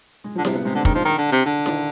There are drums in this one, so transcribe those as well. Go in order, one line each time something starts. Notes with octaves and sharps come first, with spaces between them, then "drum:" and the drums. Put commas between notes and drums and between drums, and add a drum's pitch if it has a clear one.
G#3
F3
D3
C3 G3, drum: snare E4
B3
C3 G#3
D3 C4
D#3 D4, drum: kick
F3 D#4
D#3 D4
D3
C3
D3 D4
D#3, drum: snare E4